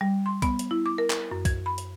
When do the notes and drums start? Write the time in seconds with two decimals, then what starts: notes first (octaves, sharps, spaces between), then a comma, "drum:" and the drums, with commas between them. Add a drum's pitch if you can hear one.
0.01 G3
0.26 C6
0.42 B3, drum: kick B1, hi-hat
0.59 drum: hi-hat
0.71 E4
0.86 D6
0.98 A#4
1.10 drum: clap
1.32 F#2
1.45 G#6, drum: kick B1, hi-hat
1.66 B5
1.78 drum: hi-hat